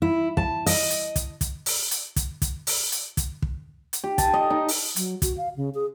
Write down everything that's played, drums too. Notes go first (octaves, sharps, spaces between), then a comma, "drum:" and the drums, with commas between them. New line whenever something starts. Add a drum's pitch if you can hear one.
E4
A5, drum: kick
D#5, drum: open hi-hat
drum: hi-hat
drum: kick, hi-hat
drum: kick, hi-hat
drum: open hi-hat
drum: hi-hat
drum: kick, hi-hat
drum: kick, hi-hat
drum: open hi-hat
drum: hi-hat
drum: kick, hi-hat
drum: kick
drum: hi-hat
G4
A5, drum: kick, hi-hat
D#5
D#4
drum: open hi-hat
F#3, drum: hi-hat
F#4, drum: kick, hi-hat
F5
C#3
G#4